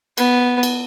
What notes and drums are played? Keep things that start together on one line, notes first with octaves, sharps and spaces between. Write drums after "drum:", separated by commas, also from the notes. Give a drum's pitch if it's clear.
B3, drum: cymbal
drum: cymbal